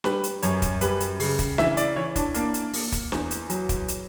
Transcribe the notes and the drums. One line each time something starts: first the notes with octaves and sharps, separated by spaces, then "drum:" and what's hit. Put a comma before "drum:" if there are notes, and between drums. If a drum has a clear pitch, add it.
G3 B4, drum: snare
drum: hi-hat
F#2 C#5, drum: hi-hat
drum: kick, hi-hat
G3 B4, drum: hi-hat
drum: hi-hat
C#3, drum: open hi-hat
drum: kick, hi-hat
E3 E5, drum: snare
D5, drum: hi-hat
E3 C#5
D4, drum: kick, hi-hat
A#3 D4, drum: hi-hat
drum: hi-hat
A#3, drum: open hi-hat
drum: kick, hi-hat
E2, drum: snare
drum: hi-hat
F#3, drum: hi-hat
drum: kick, hi-hat
drum: hi-hat